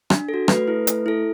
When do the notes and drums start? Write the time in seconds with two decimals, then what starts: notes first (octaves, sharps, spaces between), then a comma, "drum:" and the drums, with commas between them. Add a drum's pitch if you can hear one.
0.10 D4, drum: rim click
0.29 A4
0.34 F#4
0.48 A3 B4, drum: rim click
0.67 E4 A4
0.87 A3, drum: hi-hat
1.06 E4 A4